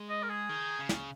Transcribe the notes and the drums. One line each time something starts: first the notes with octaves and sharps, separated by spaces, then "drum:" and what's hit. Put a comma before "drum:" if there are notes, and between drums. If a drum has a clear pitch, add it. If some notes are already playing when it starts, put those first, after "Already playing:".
Already playing: G#3
D#5
A#4
G#4
D#3
C#3
drum: snare